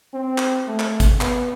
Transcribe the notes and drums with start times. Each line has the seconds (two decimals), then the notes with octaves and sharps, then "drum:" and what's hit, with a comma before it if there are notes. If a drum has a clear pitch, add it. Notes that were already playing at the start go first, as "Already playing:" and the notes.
0.13 C4
0.38 drum: clap
0.68 A3
0.79 drum: clap
1.00 drum: kick G#1, hi-hat
1.21 B3, drum: clap